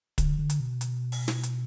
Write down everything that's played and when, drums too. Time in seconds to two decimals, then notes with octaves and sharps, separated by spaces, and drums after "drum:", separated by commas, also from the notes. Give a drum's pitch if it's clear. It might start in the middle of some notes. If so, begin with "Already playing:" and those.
0.18 D3, drum: kick, hi-hat
0.39 D3
0.50 drum: hi-hat
0.60 B2
0.81 drum: hi-hat
1.12 drum: open hi-hat
1.28 drum: snare
1.43 drum: hi-hat